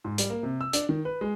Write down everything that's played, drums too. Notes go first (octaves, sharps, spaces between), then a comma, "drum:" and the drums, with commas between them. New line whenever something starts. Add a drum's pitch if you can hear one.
G#2
G3, drum: hi-hat
A#3
C3
E6
D4, drum: hi-hat
D#3
B4
G#3